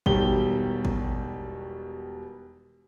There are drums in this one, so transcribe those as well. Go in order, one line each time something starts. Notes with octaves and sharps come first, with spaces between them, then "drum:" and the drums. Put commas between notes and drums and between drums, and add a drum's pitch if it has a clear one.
E1 B2 D#3 G3 G4 G7, drum: kick G#1
drum: kick G#1